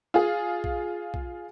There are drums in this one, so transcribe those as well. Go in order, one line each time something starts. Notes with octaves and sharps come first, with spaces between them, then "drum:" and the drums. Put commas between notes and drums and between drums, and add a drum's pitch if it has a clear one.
F4 G#4
drum: kick
drum: kick